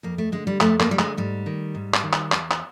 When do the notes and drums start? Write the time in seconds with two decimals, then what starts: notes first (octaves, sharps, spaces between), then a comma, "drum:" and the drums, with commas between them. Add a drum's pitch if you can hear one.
0.03 F2 A#3
0.18 A3
0.32 D3 G#3
0.47 G3
0.60 F2 A3, drum: clap
0.80 A#3, drum: clap
0.89 D3 G3
0.99 G#3, drum: clap
1.17 G#2 G3
1.46 D#3
1.75 G#2
1.94 drum: clap
2.04 D#3
2.13 drum: clap
2.32 E2, drum: clap
2.51 drum: clap